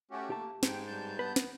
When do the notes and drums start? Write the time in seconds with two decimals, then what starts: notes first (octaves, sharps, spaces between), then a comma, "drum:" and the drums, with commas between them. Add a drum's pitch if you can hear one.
0.11 A3 C#4 F#4 G4
0.30 A#3 G4 A5
0.63 G#2 G5, drum: snare
0.87 G2 A5 G6
1.19 B3 B4
1.36 drum: snare